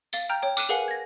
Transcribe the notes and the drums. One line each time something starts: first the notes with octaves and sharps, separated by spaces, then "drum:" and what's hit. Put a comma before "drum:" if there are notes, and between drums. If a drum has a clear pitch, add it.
F5 A6 G7, drum: tambourine
G5 A#5 F6 G6
C#5 G5
D6 F6 F#6 D#7 E7, drum: tambourine
G#4 A#4 B4 F5 F#5 G#5
G#6 A#6